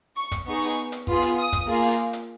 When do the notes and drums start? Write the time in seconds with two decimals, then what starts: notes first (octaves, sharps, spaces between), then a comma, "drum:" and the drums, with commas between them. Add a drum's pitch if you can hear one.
0.16 C#6
0.32 drum: kick, hi-hat
0.47 B3 D#4 G#4 C#6
0.62 drum: open hi-hat
0.92 drum: hi-hat
1.07 B3 F4 G#4, drum: kick
1.22 drum: hi-hat
1.38 D#6
1.53 drum: kick, hi-hat
1.68 A#3 F4 G#4
1.83 drum: open hi-hat
2.13 drum: hi-hat